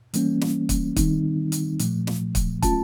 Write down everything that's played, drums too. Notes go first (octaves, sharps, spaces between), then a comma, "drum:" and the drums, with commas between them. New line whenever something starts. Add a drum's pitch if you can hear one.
E3 G3 A#3 C#4, drum: hi-hat
drum: snare
drum: kick, hi-hat
D#3 G3 C4 D#4, drum: kick, hi-hat
drum: hi-hat
A#2 F3 A3, drum: hi-hat
drum: snare
drum: kick, hi-hat
F#3 A3 C#4 F4 A5, drum: kick, hi-hat